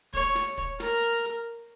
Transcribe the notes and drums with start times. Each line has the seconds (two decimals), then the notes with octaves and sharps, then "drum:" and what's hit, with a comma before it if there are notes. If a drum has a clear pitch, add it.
0.14 C#5, drum: kick
0.35 drum: snare
0.58 drum: kick
0.80 A#4, drum: snare